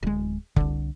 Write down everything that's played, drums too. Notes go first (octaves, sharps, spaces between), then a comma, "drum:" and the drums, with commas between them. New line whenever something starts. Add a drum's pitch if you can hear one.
D1 G#3
C2 D3, drum: kick F1